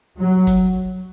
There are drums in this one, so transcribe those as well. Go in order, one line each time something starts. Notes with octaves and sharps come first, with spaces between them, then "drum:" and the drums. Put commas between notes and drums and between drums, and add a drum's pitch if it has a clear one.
F#3
drum: kick, hi-hat